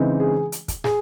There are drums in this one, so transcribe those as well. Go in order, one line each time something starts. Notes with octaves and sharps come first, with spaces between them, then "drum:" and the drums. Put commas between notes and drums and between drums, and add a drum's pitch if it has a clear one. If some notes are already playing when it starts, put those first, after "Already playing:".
Already playing: C#3 E3 G#3 C4 D#4
G#4
drum: hi-hat
drum: kick, hi-hat
G#4, drum: snare